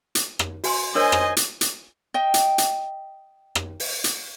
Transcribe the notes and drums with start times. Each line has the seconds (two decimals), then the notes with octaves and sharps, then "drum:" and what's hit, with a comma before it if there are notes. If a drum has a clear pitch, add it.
0.15 drum: hi-hat
0.39 drum: rim click
0.64 F#4 G#5 C6, drum: open hi-hat
0.95 D4 A#4 C5 C#5 D#5 G#5
1.12 drum: rim click
1.37 drum: hi-hat
1.61 drum: hi-hat
2.14 D#5 G5
2.34 drum: hi-hat
2.58 drum: hi-hat
3.55 drum: rim click
3.80 drum: open hi-hat
4.04 drum: hi-hat